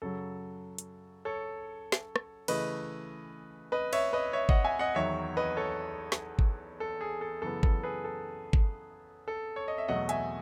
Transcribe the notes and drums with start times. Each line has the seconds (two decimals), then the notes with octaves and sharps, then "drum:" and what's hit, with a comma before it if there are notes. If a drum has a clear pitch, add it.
0.02 F#2 C#3 F#3 A4
0.78 drum: hi-hat
1.25 A4 C#5
1.92 drum: snare
2.16 drum: rim click
2.48 C#3 E3 A3 B4 D#5, drum: cymbal
3.72 B4 D#5
3.93 C#5 E5, drum: cymbal
4.13 B4 D#5
4.33 C#5 E5
4.49 D#5 F#5, drum: kick G1
4.64 E5 G#5
4.79 D#5 F#5
4.95 E2 D#3 F#3 C#5 E5
5.37 B4 D#5
5.57 A4 C#5
6.12 drum: snare
6.39 drum: kick G1
6.80 A4
7.01 G#4
7.21 A4
7.42 F#2 C#3 E3 B3 A4
7.63 A4, drum: kick G1
7.83 G#4 B4
8.04 A4
8.53 drum: kick G1
9.28 A4
9.56 C#5
9.68 D#5
9.78 E5
9.88 E2 B2 F#3 A3 D#5 F#5
10.09 E5 G#5, drum: hi-hat